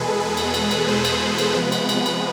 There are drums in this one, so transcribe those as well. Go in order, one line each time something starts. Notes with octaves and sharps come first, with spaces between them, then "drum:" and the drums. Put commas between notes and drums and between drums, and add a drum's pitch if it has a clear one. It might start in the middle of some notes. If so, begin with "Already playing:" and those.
Already playing: E2 B2 G#3 G#4 A4 B4
B4
drum: cymbal
drum: cymbal
drum: cymbal
C5
drum: cymbal
drum: cymbal
C3 F3 G#3 B3 B4
drum: cymbal
drum: cymbal
drum: cymbal